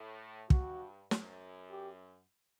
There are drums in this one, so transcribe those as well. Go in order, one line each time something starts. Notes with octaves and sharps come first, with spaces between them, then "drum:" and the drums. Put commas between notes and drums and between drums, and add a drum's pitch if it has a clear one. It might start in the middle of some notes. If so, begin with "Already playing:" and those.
Already playing: A2
G2 F#4, drum: kick
F#2, drum: snare
G4